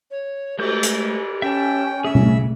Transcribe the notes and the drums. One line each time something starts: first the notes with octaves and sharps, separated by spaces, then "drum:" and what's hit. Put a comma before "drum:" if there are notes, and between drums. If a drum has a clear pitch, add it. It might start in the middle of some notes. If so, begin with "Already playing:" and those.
C#5
G#3 A3 G4 G6, drum: cymbal
drum: hi-hat
C#4 E5 G5 A5
C#3 C4 G#4 E5
drum: tom B2